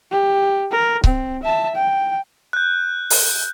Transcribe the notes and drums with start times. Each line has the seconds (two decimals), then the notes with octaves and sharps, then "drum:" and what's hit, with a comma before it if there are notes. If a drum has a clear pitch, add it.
0.11 G4
0.71 A#4
1.04 C4, drum: kick C#1
1.43 E5 A5
1.75 G5
2.53 F#6 G6
3.10 drum: open hi-hat